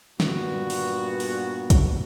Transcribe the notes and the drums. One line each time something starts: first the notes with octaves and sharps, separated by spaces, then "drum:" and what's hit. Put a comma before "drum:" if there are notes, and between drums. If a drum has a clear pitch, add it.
G2 A#2 B3 F#4, drum: snare
drum: open hi-hat
drum: open hi-hat
drum: kick, hi-hat